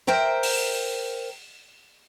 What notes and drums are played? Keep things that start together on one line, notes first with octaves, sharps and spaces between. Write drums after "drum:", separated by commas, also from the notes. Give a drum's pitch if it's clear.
A#4 C5 E5 G5 A#5
drum: open hi-hat